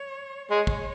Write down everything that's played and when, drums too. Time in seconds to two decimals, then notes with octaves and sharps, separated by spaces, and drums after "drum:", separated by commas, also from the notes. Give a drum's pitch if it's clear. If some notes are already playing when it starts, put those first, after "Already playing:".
Already playing: C#5
0.50 G#3 C#5
0.67 drum: kick